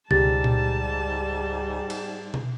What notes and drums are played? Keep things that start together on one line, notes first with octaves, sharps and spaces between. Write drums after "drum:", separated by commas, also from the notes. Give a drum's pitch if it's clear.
C#2 G#2 G3 G4 A5 A6, drum: tom B2
drum: tom A#2
drum: cymbal
drum: tom B2